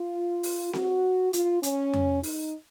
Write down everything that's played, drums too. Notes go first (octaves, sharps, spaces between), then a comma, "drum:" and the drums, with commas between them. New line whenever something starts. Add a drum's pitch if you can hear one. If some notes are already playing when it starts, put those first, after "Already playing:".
Already playing: F4
drum: open hi-hat
F#4, drum: snare C4
F4, drum: hi-hat
C#4, drum: hi-hat
drum: tom F2
D#4, drum: open hi-hat